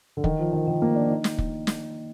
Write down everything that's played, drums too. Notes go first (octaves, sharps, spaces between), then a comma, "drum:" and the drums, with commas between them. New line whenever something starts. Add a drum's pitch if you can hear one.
D3
D#3, drum: kick
F3
D#3
D#3
A#3
D4
D#4
drum: snare
drum: kick
drum: snare